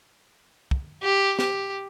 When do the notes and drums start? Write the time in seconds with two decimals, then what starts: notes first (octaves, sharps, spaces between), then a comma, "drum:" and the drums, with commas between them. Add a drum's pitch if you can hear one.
0.71 drum: kick
1.03 G4
1.39 G4, drum: snare